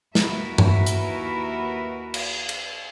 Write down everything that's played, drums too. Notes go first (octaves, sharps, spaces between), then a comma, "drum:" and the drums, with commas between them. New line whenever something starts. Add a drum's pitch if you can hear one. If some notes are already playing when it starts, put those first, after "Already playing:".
D#2 E4 F#4 A#4 B4 E5, drum: snare
drum: tom G2
drum: hi-hat
drum: cymbal
drum: cymbal